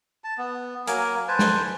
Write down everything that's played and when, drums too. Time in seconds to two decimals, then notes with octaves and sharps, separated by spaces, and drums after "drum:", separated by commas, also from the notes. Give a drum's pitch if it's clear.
0.24 A5
0.38 B3
0.87 F#3 A#3 A#4 G#5, drum: hi-hat
1.28 B4 C5 G#5 A5
1.39 drum: snare